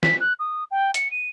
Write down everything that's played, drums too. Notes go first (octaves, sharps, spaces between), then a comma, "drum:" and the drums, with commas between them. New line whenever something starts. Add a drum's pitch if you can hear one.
B6, drum: snare
F#6
D#6
G5
C#7, drum: hi-hat
D#7